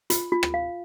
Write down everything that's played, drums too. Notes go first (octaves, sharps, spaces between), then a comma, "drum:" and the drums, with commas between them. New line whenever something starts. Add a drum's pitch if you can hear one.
F4, drum: hi-hat
F4
drum: rim click
F5